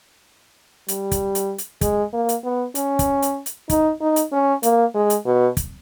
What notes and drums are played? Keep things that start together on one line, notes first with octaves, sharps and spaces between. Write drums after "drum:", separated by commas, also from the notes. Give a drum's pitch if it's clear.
G3, drum: hi-hat
drum: kick, hi-hat
drum: hi-hat
drum: hi-hat
G#3, drum: kick, hi-hat
A#3
drum: hi-hat
B3
C#4, drum: hi-hat
drum: kick, hi-hat
drum: hi-hat
drum: hi-hat
D#4, drum: kick, hi-hat
D#4
drum: hi-hat
C#4
A#3, drum: hi-hat
G#3
drum: hi-hat
B2
drum: kick, hi-hat